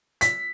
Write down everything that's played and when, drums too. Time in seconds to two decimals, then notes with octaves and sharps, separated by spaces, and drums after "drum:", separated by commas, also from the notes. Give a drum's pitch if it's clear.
0.21 B6, drum: hi-hat